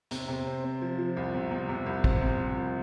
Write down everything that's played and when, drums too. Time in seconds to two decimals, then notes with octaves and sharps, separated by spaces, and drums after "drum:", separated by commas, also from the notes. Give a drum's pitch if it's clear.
0.11 C3, drum: hi-hat
0.28 C3
0.47 C4
0.64 C4
0.82 F3
0.98 F3
1.17 C2
1.34 C3
1.51 C3
1.69 C3
1.86 C2
2.04 C4, drum: kick
2.21 C3
2.39 F3
2.57 C2